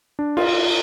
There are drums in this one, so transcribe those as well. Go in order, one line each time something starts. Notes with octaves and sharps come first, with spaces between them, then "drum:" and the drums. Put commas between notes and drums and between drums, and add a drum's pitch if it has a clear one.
D4
F4, drum: cymbal